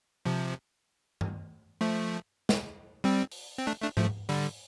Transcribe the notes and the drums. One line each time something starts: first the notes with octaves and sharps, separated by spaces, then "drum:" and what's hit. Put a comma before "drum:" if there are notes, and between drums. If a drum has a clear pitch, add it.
C3 F3
drum: tom G2
F3 A3
drum: snare
G3 C4
drum: open hi-hat
C4
A3 D4
A3 D4
F3 A3, drum: tom G#2
D3 G3, drum: open hi-hat